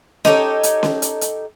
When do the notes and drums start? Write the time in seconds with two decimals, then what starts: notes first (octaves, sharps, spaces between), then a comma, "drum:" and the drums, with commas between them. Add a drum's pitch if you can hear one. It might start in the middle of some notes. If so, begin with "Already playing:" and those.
0.25 D#4 G4 A4 C#5, drum: snare C#4
0.63 drum: hi-hat
0.83 drum: snare C#4
1.02 drum: hi-hat
1.21 drum: hi-hat